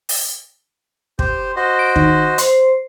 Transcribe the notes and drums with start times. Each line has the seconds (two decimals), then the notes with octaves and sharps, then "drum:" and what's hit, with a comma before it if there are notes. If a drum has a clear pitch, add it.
0.09 drum: open hi-hat
1.19 G4 C5, drum: kick
1.56 F#4 C5 D#5
1.79 D7
1.96 D#3, drum: kick
2.38 C5, drum: hi-hat